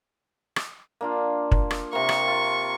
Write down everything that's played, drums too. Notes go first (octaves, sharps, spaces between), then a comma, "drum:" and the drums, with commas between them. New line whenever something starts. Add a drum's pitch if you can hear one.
drum: rim click
A#3 D4 F4
drum: kick
drum: rim click
C3 A#3 C#6
drum: rim click
F4